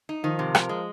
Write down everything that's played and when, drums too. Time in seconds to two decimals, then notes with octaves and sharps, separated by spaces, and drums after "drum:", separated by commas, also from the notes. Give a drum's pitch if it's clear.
0.09 D#4
0.24 D#3 F3
0.39 C3
0.55 A#4, drum: rim click
0.69 G#3